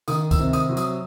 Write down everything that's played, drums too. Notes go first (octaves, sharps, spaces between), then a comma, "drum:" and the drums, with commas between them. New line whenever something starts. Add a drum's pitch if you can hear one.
D#3 D#6, drum: tambourine
E6, drum: kick C#2, tambourine
C3
D#6, drum: tambourine
F#3
D#6, drum: tambourine